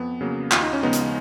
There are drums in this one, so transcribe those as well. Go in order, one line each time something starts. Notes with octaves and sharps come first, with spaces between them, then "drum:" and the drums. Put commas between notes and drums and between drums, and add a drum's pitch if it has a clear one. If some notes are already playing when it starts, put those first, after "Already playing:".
Already playing: F2 B3
C#3 F#3 A#3
D#2 F4, drum: clap
D#4
C#4
C#3 F3 G#3 B3 D#4
drum: hi-hat